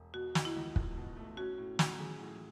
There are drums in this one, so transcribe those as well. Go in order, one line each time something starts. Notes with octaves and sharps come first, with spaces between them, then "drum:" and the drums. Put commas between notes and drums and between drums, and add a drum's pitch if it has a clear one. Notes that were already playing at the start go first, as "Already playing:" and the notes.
Already playing: E1
B2 F#4
D#4, drum: snare
E4
C#2
C#2, drum: kick
B2
A3
C#4 F#4
A2
F#3, drum: snare
G#4
A2